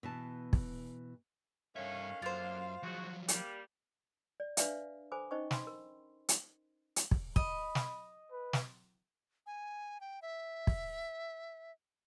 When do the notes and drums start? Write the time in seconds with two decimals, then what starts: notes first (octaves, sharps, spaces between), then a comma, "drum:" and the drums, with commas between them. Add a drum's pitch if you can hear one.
0.03 B2 E3 A5
0.53 drum: kick
1.76 G2 D3 D#3 C#4 E5 F5
2.22 F#2 D3 A#3 F4 C5
2.83 G#2 C#3 F3 F#3 F#4
3.28 G3 A#3, drum: hi-hat
4.40 D5
4.57 D4 B4 D5 E5 F5, drum: hi-hat
5.12 A4 C5 G#5 B5 D6
5.31 C#4 D#4 C5 D#5 G5 C#6
5.51 B5 C6, drum: snare
5.67 A#4
6.29 drum: hi-hat
6.96 drum: hi-hat
7.11 drum: kick
7.36 D#5 B5, drum: kick
7.75 drum: snare
8.31 B4
8.53 drum: snare
9.46 G#5
10.01 G5
10.22 E5
10.67 drum: kick